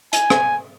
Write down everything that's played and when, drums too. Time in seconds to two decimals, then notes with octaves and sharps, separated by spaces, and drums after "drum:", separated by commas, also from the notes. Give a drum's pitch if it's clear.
0.13 G#5, drum: hi-hat
0.30 drum: rim click